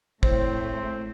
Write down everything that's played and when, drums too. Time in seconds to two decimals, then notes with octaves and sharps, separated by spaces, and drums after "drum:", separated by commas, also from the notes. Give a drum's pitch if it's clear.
0.23 A2 A3 C4 C5, drum: kick